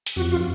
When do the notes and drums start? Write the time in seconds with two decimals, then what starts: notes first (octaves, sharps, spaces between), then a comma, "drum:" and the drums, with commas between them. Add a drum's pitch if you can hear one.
0.06 drum: hi-hat
0.16 F2 F#4
0.32 F4